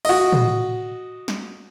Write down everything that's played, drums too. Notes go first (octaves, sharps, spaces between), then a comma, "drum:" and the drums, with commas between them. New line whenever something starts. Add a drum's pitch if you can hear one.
F#4 D#5, drum: cymbal
drum: tom
drum: snare